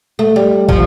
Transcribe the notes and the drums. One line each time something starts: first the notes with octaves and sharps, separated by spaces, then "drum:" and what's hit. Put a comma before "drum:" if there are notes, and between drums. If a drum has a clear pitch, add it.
A3
G3
F3, drum: kick